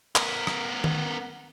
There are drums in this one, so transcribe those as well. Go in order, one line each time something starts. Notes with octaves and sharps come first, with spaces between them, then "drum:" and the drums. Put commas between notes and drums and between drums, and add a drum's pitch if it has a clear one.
B3 A#4, drum: clap
drum: rim click
drum: tom D#3